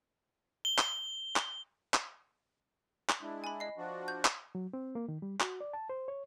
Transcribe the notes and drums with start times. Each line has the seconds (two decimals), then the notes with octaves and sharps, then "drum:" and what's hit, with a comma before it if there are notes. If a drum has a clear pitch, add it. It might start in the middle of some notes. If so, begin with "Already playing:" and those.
0.65 G7
0.78 drum: clap
1.36 drum: clap
1.94 drum: clap
3.09 drum: clap
3.22 G#3 D4 E4
3.44 G#5 B5
3.60 D#5 C7
3.78 F3 D4 F#4
4.08 G6
4.25 drum: clap
4.55 F#3
4.73 C4
4.95 A#3
5.08 D#3
5.22 G3
5.40 F#4, drum: clap
5.61 D5
5.73 A5
5.89 C5
6.08 C#5